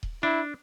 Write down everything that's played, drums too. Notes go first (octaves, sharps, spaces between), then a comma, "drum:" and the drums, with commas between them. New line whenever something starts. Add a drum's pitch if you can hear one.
drum: kick D#1
D4 E4